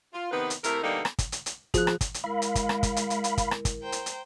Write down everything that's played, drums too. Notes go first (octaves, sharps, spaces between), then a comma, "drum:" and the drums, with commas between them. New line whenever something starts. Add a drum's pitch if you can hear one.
F4
C3 D#3 B3 D#4 B4
drum: hi-hat
C3 A3 E4 A#4, drum: hi-hat
B2 D3 G3 A#3 D#4 A4
drum: rim click
drum: kick, hi-hat
drum: hi-hat
drum: hi-hat
F3 G#4 F#6, drum: kick, hi-hat
drum: rim click
drum: kick, hi-hat
drum: hi-hat
G#3 E4 A#4 F5 B5
drum: hi-hat
drum: kick, hi-hat
drum: rim click
drum: kick, hi-hat
drum: hi-hat
drum: hi-hat
drum: hi-hat
drum: kick, hi-hat
drum: rim click
drum: kick, hi-hat
C5 G5 A#5
drum: hi-hat
drum: hi-hat